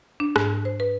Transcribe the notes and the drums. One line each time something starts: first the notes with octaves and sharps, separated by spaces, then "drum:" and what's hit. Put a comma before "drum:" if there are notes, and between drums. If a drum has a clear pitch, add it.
D4
G#2, drum: rim click
C5
B4